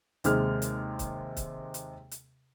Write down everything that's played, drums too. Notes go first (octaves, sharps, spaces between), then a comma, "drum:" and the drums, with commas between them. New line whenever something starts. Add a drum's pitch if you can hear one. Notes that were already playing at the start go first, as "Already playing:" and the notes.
D#2 C3 G#3 G#4 F6, drum: hi-hat
drum: hi-hat
drum: kick C#1, hi-hat
drum: kick C#1, hi-hat
drum: hi-hat
drum: hi-hat